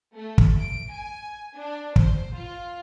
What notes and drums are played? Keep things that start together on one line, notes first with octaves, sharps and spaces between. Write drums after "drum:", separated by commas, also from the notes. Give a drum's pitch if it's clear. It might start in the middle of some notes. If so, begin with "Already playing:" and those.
A3
drum: kick
D7
G#5
D4
C5, drum: kick
F4